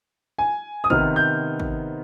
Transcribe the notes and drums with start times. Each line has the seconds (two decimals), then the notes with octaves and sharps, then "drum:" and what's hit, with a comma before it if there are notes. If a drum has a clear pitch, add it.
0.38 G#5
0.84 D#6
0.90 C3 D#3 B3 D#4 F6, drum: kick
1.16 G6
1.60 drum: kick